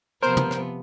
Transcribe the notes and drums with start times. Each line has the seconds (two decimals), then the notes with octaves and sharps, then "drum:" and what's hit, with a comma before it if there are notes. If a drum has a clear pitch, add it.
0.22 C3 F3 B3 A#4 C5
0.37 drum: tom
0.51 drum: rim click